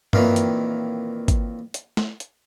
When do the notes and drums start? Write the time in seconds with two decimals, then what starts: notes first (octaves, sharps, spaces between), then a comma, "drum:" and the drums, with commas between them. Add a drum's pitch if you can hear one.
0.13 F2 A#2 D#3 E3, drum: tom G2
0.36 drum: hi-hat
1.28 drum: kick, hi-hat
1.74 drum: hi-hat
1.97 drum: snare A3
2.20 drum: hi-hat